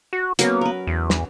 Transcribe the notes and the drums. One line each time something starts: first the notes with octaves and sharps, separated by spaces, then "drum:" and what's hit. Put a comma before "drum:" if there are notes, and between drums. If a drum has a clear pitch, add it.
F#4
F#3 A#3 B3 C#4, drum: hi-hat
A#4 B4
E2
drum: snare